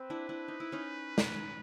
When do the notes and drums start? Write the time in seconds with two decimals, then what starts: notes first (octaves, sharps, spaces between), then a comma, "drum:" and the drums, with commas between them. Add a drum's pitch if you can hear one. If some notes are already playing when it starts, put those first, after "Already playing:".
Already playing: C4 B4
0.10 D4 E4
0.29 D4 E4
0.48 D#4
0.60 E4
0.72 C#4 D#4
1.18 drum: snare